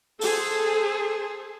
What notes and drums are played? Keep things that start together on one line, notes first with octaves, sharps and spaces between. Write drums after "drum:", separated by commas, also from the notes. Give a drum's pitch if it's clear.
G#4 A4 C5, drum: open hi-hat